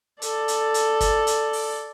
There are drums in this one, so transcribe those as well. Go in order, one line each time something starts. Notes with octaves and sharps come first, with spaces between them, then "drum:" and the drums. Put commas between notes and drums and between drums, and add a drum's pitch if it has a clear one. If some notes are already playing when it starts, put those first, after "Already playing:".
A4 D5, drum: hi-hat
drum: hi-hat
drum: hi-hat
drum: kick, hi-hat
drum: hi-hat
drum: open hi-hat